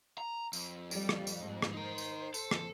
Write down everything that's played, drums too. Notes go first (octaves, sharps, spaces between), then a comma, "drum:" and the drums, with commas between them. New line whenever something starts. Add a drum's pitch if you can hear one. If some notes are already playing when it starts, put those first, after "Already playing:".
A#5
F2, drum: tambourine
G3, drum: tambourine
drum: rim click
drum: tambourine
G#2 A#3
drum: rim click
D#4 A#4 C5
drum: tambourine
A4, drum: tambourine
drum: rim click